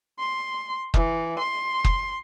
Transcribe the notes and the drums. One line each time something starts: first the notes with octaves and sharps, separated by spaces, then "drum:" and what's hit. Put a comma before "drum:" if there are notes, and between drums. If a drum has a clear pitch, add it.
C6
E3, drum: kick
C6
drum: kick